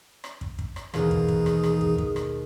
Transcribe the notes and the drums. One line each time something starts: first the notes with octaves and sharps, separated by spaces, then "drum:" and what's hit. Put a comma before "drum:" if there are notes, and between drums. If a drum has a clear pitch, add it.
drum: rim click
drum: kick
drum: kick
drum: rim click
D#2 B2 E3 D#4 G#4, drum: rim click
drum: kick
drum: kick
drum: rim click
drum: rim click
drum: kick
drum: kick
drum: rim click